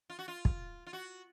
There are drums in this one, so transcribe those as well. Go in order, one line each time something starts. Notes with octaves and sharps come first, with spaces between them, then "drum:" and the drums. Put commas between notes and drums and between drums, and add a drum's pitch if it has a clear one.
F4
F#4
F4
drum: kick
F4
F#4